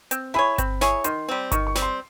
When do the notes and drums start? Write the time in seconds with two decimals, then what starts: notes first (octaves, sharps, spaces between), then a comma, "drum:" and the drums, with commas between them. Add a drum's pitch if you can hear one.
0.11 C4, drum: hi-hat
0.34 E4 G#4 C#5 B5
0.58 C4, drum: kick G1, hi-hat
0.81 E4 G#4 C#5, drum: snare
1.04 D#3 C6, drum: hi-hat
1.29 G3 C4
1.52 D#3 C#6, drum: kick G1, hi-hat
1.67 C#6
1.75 G3 C4, drum: snare
1.82 C6